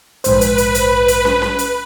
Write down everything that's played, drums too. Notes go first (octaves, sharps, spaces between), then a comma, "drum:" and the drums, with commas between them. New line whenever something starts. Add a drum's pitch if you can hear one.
A#1 G#2 B4 C5, drum: hi-hat
drum: hi-hat
drum: hi-hat
drum: hi-hat
drum: hi-hat
drum: snare
drum: snare
drum: hi-hat